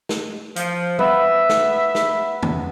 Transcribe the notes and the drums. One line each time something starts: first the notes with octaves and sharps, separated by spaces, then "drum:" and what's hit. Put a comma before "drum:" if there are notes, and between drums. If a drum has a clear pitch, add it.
drum: snare
F3, drum: hi-hat
B3 E5, drum: tom G3
drum: snare
drum: snare
drum: tom